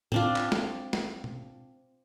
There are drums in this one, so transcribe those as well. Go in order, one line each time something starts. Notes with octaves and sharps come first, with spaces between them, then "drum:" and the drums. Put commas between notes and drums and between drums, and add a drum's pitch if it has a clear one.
C4 D4 F4, drum: tom A2
drum: clap
drum: snare
drum: snare
drum: tom B2